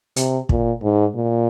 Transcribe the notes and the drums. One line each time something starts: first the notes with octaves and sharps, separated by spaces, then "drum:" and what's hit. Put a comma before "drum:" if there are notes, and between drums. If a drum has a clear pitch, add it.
C3, drum: hi-hat
A#2, drum: kick
G#2
A#2